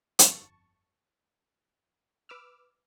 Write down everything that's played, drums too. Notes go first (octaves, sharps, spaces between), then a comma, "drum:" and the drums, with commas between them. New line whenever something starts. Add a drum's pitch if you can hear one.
G1 F2 A5 C#6, drum: hi-hat
B4 D6 E6 F6